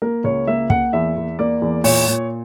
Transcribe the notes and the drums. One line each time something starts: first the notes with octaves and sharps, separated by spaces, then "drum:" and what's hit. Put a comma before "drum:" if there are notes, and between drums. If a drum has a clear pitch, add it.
A#3 A#4
C#2 C#5
A#3 E5
A#3 F#5, drum: kick
E2 E5
E2
A#3 D5
E2
A#2 C#5, drum: open hi-hat
A#2